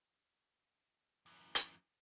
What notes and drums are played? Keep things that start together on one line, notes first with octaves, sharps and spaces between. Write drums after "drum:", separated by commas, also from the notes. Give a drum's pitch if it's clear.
F#2 E3
drum: hi-hat